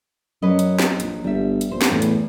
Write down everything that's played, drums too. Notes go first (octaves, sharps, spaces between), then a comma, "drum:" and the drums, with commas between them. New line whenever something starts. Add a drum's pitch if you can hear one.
F#2 F#3 B4 D#5
drum: hi-hat
drum: snare
A#1, drum: hi-hat
G1 G3 E5
drum: hi-hat
A#1 C5
drum: snare
E2 A2
drum: hi-hat